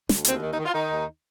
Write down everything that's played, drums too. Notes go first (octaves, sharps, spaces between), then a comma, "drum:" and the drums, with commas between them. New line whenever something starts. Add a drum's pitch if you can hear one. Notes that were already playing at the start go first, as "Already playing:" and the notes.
D2, drum: snare
D#2 C4, drum: hi-hat
D#3
D#4
D#3
F4
D#3 D#4
D#2